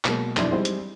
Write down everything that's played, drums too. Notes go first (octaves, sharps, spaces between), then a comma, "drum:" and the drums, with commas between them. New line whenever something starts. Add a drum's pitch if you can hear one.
B2 F#3 G#3 A#3, drum: clap
F1 F#2 B2 D4 E4 C6, drum: clap
G3 G#3 C4 D#4 E4 G#4
drum: hi-hat